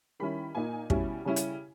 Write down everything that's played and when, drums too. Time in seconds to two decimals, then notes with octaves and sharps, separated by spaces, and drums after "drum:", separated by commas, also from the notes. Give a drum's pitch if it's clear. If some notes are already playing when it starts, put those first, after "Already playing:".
0.20 D#3 G3 C#4 E4 B5
0.55 A#2 A#3 D#4 G#5
0.90 B2 G3 C#4 E4, drum: kick
1.25 C#3 G3 C#4 E4
1.36 drum: hi-hat